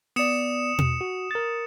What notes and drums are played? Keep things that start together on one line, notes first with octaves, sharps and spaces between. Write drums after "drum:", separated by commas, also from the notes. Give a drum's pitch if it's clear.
B3 D5 D#6 C#7 E7
drum: tom B2
F#4
A#4 A6